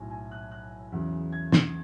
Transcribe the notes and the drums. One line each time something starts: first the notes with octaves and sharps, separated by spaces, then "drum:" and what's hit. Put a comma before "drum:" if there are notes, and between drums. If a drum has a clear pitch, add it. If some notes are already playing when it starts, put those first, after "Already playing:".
Already playing: B1 A2 F#3 G#5
G#5
F#6
F#6
E2 C#3 F#3
G#6
A6, drum: snare